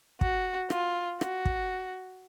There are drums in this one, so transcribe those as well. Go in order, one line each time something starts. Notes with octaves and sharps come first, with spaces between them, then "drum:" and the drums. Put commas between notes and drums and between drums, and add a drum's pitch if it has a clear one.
F#4, drum: kick
F4, drum: rim click
F#4, drum: rim click
drum: kick